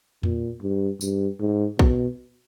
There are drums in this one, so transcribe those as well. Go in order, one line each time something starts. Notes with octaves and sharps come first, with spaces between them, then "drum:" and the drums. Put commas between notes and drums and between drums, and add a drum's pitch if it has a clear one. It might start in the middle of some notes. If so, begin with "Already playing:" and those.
A#2, drum: tom E2
G2
G2, drum: tambourine
G#2
B2, drum: kick